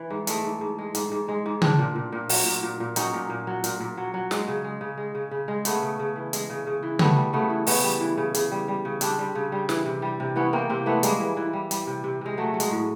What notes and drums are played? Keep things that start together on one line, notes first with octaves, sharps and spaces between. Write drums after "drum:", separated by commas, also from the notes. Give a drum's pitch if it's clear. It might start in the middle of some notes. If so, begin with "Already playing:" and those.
Already playing: E3
G#2
G#3 A3, drum: hi-hat
G#2
G#2
G#3
G#2, drum: hi-hat
G#2
G#3
G#2
A#2 C4 D4, drum: tom C#3
A#2
A#2
A#2
F#3, drum: open hi-hat
A#2
A#2
A#2
F#3 C#4 D#4, drum: hi-hat
A#2
A#2
F#3
A#2, drum: hi-hat
A#2
F#3
F#3
G#3, drum: snare
C#3
G#3
C#3
G#3
C#3
C#3
G#3
C#3 A3 B3, drum: hi-hat
C#3
C#3
E3
G#3, drum: hi-hat
C#3
C#3
E3
G3 A3 B3, drum: tom C#3
G3
C#3 A3 B3
E3
C#3 B3 C#4, drum: open hi-hat
G3
E3
C#3
C#3, drum: hi-hat
G3
G3
C#3
G3 C4 D4, drum: hi-hat
G3
C#3
G3
E3, drum: snare
C3
G3
C3
E3 B3 C#4
C3 A#3 C4
C3 A#3 C4
E3 A3 B3
G3 G#3 A#3, drum: hi-hat
E3
E3
G3
G3, drum: hi-hat
C3
C3
C3 G#3
F#3 A3
F#3
G#3, drum: hi-hat
A2